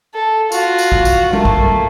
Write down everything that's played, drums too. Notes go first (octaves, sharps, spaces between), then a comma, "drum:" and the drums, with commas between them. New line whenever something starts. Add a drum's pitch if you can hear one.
A4
F4 F#4, drum: tambourine
drum: tambourine
drum: kick B1
drum: tambourine
A3 A#3, drum: tom G3
drum: kick B1